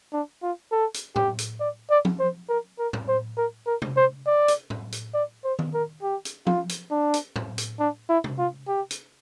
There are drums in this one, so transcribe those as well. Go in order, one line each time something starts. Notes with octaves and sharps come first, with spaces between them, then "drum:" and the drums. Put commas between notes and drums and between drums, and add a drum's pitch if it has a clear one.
D4
F4
A4
drum: hi-hat
G4, drum: tom A2
drum: hi-hat
D5
D5
drum: tom F3
C5
A#4
A#4
drum: tom A2
C5
A#4
A#4
drum: tom
C5
D5
drum: hi-hat
drum: tom A2
drum: hi-hat
D5
C5
drum: tom D#3
A#4
G4
drum: hi-hat
F4, drum: tom F3
drum: hi-hat
D4
drum: hi-hat
drum: tom A2
drum: hi-hat
D4
E4
drum: tom
F4
G4
drum: hi-hat